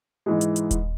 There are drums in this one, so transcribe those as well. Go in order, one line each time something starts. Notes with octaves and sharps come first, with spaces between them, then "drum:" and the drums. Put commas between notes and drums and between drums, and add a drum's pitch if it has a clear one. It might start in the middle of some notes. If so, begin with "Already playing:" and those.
G#2 E3 G#3
drum: hi-hat
drum: hi-hat
drum: kick D#1, hi-hat